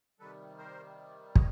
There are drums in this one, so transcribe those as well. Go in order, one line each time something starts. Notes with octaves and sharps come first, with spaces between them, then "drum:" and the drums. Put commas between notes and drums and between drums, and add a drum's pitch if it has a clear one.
C3 D#3 G3 A4 B4
A#4 C5
C#5 D#5, drum: kick